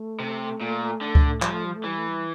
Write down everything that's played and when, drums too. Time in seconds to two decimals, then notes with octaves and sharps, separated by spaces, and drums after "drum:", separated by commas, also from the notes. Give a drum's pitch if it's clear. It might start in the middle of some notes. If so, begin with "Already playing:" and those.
Already playing: A3
0.19 C3
0.61 A#2
1.02 D3
1.15 drum: kick C#2
1.42 F3 G3, drum: clap
1.53 A3
1.65 G3
1.76 A3
1.84 E3 G3
1.98 A3
2.08 G3